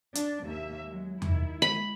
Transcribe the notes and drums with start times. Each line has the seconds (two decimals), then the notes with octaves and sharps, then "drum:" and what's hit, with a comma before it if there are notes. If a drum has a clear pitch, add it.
0.15 D4, drum: hi-hat
0.46 D#2 A#3 E5
0.88 F#3 G#3
1.22 D#3 E4, drum: tom E2
1.62 G#3 B5